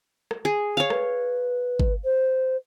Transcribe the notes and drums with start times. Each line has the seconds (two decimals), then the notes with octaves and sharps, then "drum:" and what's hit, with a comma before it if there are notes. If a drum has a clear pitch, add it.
0.31 drum: rim click
0.45 G#4
0.77 C#5 F5
0.90 B4, drum: rim click
1.80 drum: kick
2.04 C5